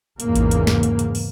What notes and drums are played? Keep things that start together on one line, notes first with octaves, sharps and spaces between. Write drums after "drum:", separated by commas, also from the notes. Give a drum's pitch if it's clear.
E2 G#2 C#3 A#3, drum: hi-hat
drum: kick A1, hi-hat
drum: hi-hat
drum: snare
drum: hi-hat
drum: hi-hat
drum: open hi-hat